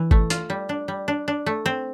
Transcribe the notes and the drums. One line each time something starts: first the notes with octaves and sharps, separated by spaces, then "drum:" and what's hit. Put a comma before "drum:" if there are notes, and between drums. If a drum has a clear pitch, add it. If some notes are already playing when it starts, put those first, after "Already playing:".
Already playing: E3
A3, drum: kick
F4, drum: hi-hat
G3
D4
G3
D4
D4
A3
C4